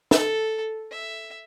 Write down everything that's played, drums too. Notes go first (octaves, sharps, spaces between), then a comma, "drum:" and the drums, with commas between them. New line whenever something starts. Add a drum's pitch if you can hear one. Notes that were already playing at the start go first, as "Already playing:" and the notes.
A4, drum: snare
E5